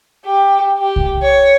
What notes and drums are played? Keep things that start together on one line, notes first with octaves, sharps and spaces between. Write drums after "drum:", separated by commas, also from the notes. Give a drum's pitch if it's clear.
G4
G4
drum: kick C2
C#5